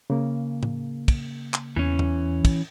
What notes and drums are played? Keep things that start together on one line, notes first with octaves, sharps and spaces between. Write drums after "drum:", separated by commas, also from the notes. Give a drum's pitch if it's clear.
C#3 A#3
drum: tom A2
drum: kick, cymbal
drum: clap
E2 E3 C#4
drum: tom E2
drum: kick, cymbal